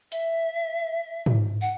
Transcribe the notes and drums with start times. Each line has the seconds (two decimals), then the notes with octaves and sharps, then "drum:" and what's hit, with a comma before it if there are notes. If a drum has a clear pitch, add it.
0.12 E5, drum: hi-hat
1.26 drum: tom G#2
1.61 F#5